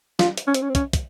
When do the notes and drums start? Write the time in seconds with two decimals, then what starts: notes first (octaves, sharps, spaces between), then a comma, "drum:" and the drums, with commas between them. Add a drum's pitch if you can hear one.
0.19 F4, drum: snare
0.37 drum: hi-hat
0.47 C#4
0.54 C4, drum: hi-hat
0.62 C#4
0.69 C4
0.75 C#4, drum: kick, hi-hat
0.93 drum: kick, hi-hat